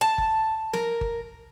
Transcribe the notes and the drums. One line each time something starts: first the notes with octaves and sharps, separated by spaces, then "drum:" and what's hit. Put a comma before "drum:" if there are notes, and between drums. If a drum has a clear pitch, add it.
A5
drum: kick G1
A#4, drum: snare
drum: kick G1